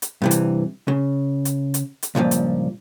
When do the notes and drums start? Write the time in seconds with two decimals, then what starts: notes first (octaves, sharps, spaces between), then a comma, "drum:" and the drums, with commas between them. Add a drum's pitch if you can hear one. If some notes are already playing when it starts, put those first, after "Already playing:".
0.02 drum: hi-hat
0.22 G2 C3 E3
0.31 drum: hi-hat
0.88 C#3
1.45 drum: hi-hat
1.74 drum: hi-hat
2.03 drum: hi-hat
2.15 C#2 G2 A#2 F3
2.31 drum: hi-hat